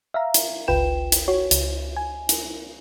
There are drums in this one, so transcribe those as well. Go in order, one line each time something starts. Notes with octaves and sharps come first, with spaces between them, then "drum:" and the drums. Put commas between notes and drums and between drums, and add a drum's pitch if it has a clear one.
E5 F5 A#5
drum: hi-hat
G1 C#2 F4 B4 G5 E7
drum: hi-hat
F#4 C#5
C#2, drum: hi-hat
G#5
drum: hi-hat